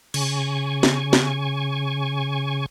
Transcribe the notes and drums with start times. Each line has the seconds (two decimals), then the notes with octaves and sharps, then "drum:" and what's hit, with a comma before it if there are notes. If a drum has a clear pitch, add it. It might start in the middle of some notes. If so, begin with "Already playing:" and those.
0.14 C#3 G#5 C#6, drum: cymbal
0.83 drum: snare
1.13 drum: snare